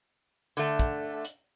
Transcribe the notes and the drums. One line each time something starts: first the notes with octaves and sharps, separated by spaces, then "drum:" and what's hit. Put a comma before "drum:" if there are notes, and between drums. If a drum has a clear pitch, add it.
D3 A3
drum: kick, hi-hat
drum: hi-hat